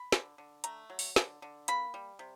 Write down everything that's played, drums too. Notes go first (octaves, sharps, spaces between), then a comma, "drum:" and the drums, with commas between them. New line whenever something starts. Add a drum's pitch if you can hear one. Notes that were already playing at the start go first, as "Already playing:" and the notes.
Already playing: B5
D3, drum: snare
D3
A3 A#5, drum: hi-hat
F#3
drum: open hi-hat
D3, drum: snare
D3
A#3 B5, drum: hi-hat
G3
C3